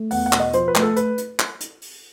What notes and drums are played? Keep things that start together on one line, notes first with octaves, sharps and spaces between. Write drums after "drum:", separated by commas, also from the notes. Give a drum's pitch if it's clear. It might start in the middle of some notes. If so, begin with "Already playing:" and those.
Already playing: A3
E2 F#5, drum: open hi-hat
F#5
B2, drum: clap
D#5
F3 C5, drum: hi-hat
B4
A3, drum: clap
A4
B4, drum: hi-hat
drum: hi-hat
drum: clap
drum: hi-hat
drum: open hi-hat